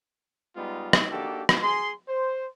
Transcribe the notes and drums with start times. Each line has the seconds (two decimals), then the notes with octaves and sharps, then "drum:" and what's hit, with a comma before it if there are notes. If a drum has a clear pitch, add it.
0.56 G3 G#3 B3 D#4 F4
0.93 drum: rim click
1.11 A#3 D4 D#4 F#4 G4 A4
1.49 drum: rim click
1.63 G#4 C6
2.09 C5